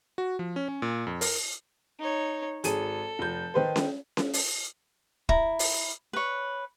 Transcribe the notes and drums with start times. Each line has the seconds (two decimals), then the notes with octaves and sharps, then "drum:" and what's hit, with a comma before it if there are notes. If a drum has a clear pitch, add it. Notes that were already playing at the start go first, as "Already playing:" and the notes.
0.18 F#4
0.39 F3
0.56 C#4
0.68 C#4
0.82 A#2
1.07 F2
1.21 A#4, drum: open hi-hat
1.99 D#4 C#5
2.64 G#1 G#4 A4 D#7, drum: hi-hat
3.19 F1 G6
3.54 D#3 B4 C5
3.76 drum: snare C#4
4.17 drum: snare C#4
4.33 drum: open hi-hat
5.29 E4 A#5, drum: kick
5.59 drum: open hi-hat
6.13 B4 C#5